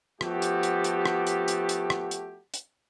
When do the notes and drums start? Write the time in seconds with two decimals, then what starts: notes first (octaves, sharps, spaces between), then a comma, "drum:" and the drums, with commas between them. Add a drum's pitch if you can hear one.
0.21 F3 A3 B3 F#4 G4, drum: rim click
0.42 drum: hi-hat
0.63 drum: hi-hat
0.84 drum: hi-hat
1.06 drum: rim click
1.27 drum: hi-hat
1.48 drum: hi-hat
1.69 drum: hi-hat
1.90 drum: rim click
2.11 drum: hi-hat
2.54 drum: hi-hat